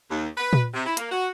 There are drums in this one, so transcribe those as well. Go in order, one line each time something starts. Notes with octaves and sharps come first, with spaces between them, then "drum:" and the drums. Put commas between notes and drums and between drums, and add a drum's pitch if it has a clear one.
D#2
B4
drum: tom A#2
C3
E4
A#3, drum: hi-hat
F#4